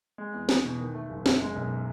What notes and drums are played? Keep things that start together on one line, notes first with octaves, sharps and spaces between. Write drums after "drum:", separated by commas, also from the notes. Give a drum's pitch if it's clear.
G#3
E2
E2, drum: snare
B2
D#3
A3
F#1
F#2, drum: snare
G#3
B1